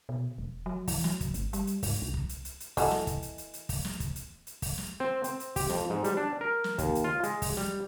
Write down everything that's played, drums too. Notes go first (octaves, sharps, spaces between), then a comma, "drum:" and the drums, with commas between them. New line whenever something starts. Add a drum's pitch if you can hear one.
B2
E1
F#3
E3, drum: kick, open hi-hat
F#3, drum: snare
drum: kick, hi-hat
G1, drum: hi-hat
G3, drum: hi-hat
drum: hi-hat
G#2, drum: kick, open hi-hat
C2
drum: kick
drum: hi-hat
drum: hi-hat
drum: hi-hat
E3 F#4 A4 D#5 G#5, drum: kick, open hi-hat
drum: snare
drum: kick, hi-hat
drum: hi-hat
drum: hi-hat
drum: hi-hat
drum: kick, open hi-hat
drum: snare
drum: kick, hi-hat
drum: hi-hat
drum: hi-hat
drum: kick, open hi-hat
drum: snare
C4
C4, drum: hi-hat
drum: hi-hat
G4, drum: kick, open hi-hat
F2, drum: snare
G#2
G3, drum: hi-hat
D4
A#4
drum: snare
D#2, drum: kick, hi-hat
drum: hi-hat
F4
G#3, drum: hi-hat
drum: kick, open hi-hat
G3, drum: snare